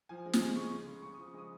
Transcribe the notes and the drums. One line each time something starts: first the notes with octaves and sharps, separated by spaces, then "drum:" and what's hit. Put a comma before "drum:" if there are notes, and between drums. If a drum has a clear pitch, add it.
F3 G#5
G#3
G#5, drum: snare
G#3
C#3 C#6
C#3
C#3
C#3 C#6
D#6
F3
C#6
G#3 D#6